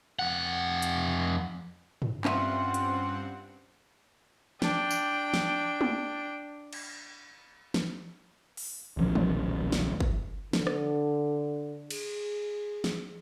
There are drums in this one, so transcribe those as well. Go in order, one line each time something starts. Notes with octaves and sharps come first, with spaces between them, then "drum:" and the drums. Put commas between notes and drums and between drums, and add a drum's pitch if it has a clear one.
F2 F#5
drum: hi-hat
drum: tom
G2 C4 C#4 F4 B4 E5 F#5, drum: clap
drum: hi-hat
D4 G5, drum: snare
drum: tambourine
drum: snare
drum: tom
drum: cymbal
drum: snare
drum: open hi-hat
D#1 B1 F3 C#4
drum: tom
drum: snare
drum: kick G1
D3, drum: snare
drum: rim click
G#4, drum: cymbal
drum: snare